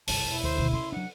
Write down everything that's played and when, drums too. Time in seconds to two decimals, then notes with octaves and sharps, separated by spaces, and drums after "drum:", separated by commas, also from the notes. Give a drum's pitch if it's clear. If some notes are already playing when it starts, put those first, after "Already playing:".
0.07 G1 C2 A5, drum: open hi-hat
0.25 E1 E4
0.43 D2 C5
0.57 B2 D#3
0.73 C#3 C6
0.92 F#3 D4 F#5